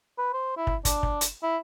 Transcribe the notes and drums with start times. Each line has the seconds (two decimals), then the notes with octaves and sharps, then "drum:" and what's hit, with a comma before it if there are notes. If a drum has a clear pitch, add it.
0.18 B4
0.33 C5
0.57 E4
0.67 drum: kick
0.85 D4, drum: kick, hi-hat
1.03 drum: kick
1.21 drum: hi-hat
1.43 E4